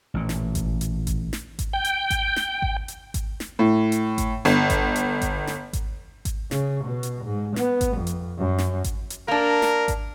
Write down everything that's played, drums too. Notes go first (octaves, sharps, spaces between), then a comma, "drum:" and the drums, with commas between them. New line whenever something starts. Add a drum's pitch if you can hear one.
A1 A#2
drum: snare
drum: kick G#1, hi-hat
drum: hi-hat
drum: kick G#1, hi-hat
drum: snare
drum: kick G#1, hi-hat
G5
drum: hi-hat
drum: kick G#1, hi-hat
drum: snare
drum: kick G#1
drum: hi-hat
drum: kick G#1, hi-hat
drum: snare
A2
drum: hi-hat
drum: kick G#1, hi-hat
G1, drum: snare
drum: kick G#1, hi-hat
drum: hi-hat
drum: kick G#1, hi-hat
drum: snare
drum: kick G#1, hi-hat
drum: kick G#1, hi-hat
C#3, drum: snare
B2
drum: hi-hat
G#2
B3, drum: snare
drum: kick G#1, hi-hat
F2
drum: hi-hat
F#2
drum: snare
drum: kick G#1, hi-hat
drum: hi-hat
A#3 D4 A#4
drum: snare
drum: kick G#1, hi-hat